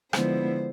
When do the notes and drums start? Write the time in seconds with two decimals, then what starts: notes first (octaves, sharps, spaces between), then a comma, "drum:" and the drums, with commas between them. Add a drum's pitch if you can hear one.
0.13 D3 F3 G#3 B3 E4 C5, drum: rim click